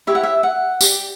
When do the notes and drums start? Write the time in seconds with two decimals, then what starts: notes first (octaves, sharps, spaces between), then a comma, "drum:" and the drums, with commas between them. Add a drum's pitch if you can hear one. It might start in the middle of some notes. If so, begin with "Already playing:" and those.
0.07 E4 G4 C#5 E5
0.15 F#5
0.23 E5
0.43 F#5
0.81 G4 D5, drum: tambourine